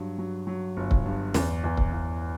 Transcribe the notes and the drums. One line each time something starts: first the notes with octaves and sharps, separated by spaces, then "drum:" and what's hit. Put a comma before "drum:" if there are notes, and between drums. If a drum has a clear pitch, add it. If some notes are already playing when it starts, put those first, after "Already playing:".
Already playing: G2 F#3
F#3
F#3
G1
drum: kick C#1
G2
E2, drum: snare
E2
drum: kick C#1
E2